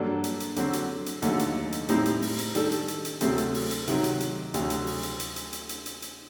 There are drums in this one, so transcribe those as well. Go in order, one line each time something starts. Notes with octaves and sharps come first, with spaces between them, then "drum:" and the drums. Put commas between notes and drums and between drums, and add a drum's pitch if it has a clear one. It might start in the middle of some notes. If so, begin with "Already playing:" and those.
Already playing: G2 F#3 A#3 D4 A4
drum: hi-hat
drum: hi-hat
D3 F#3 C4 F#4, drum: hi-hat
drum: hi-hat
drum: hi-hat
D#2 D3 F#3 A3, drum: hi-hat
drum: hi-hat
drum: hi-hat
A2 G3 C4 D#4, drum: hi-hat
drum: hi-hat
drum: open hi-hat
drum: hi-hat
D#3 G3 D4 A4, drum: hi-hat
drum: hi-hat
drum: hi-hat
drum: hi-hat
D2 C3 F#3 A3 C4, drum: hi-hat
drum: hi-hat
drum: open hi-hat
drum: hi-hat
C3 D#3 F#3, drum: hi-hat
drum: hi-hat
drum: hi-hat
D2 C3 F#3, drum: hi-hat
drum: hi-hat
drum: open hi-hat
drum: hi-hat
drum: hi-hat
drum: hi-hat
drum: hi-hat
drum: hi-hat
drum: hi-hat
drum: hi-hat